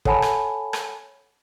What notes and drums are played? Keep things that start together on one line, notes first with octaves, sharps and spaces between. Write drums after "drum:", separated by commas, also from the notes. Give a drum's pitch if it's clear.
A4 C#5 F#5 G#5 A5 B5, drum: kick
drum: rim click
drum: rim click